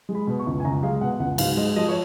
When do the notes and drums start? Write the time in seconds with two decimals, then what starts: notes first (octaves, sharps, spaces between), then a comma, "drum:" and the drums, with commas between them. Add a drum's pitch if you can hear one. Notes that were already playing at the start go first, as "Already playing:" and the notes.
0.09 G#3
0.15 B5
0.27 B2
0.39 C#6
0.47 C#2
0.60 G#5
0.65 C#2 A#5
0.83 G#3 F5
1.01 B2 F#5
1.20 C#2 F#5
1.38 G#2 F5, drum: cymbal
1.57 G#3 D#5
1.76 F3 D#5
1.89 C#5